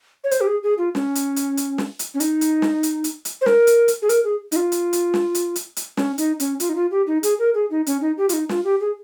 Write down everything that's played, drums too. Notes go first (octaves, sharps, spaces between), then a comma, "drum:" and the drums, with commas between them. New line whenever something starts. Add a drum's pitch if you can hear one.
C#5
C5, drum: hi-hat
G4
G#4
G#4
F4
C#4, drum: snare
drum: hi-hat
drum: hi-hat
drum: hi-hat
drum: snare
drum: hi-hat
C#4
D#4, drum: hi-hat
drum: hi-hat
drum: snare
drum: hi-hat
drum: hi-hat
drum: hi-hat
C5
A#4, drum: snare
drum: hi-hat
drum: hi-hat
G#4
A#4, drum: hi-hat
G#4
D#4, drum: hi-hat
F4
drum: hi-hat
drum: hi-hat
drum: snare
drum: hi-hat
drum: hi-hat
drum: hi-hat
C#4, drum: snare
D#4, drum: hi-hat
C#4, drum: hi-hat
F4, drum: hi-hat
D#4
F4
G4
D#4
G#4, drum: hi-hat
A#4
G#4
D#4
C#4, drum: hi-hat
D#4
G4
F4, drum: hi-hat
D#4
F4, drum: snare
G4
G#4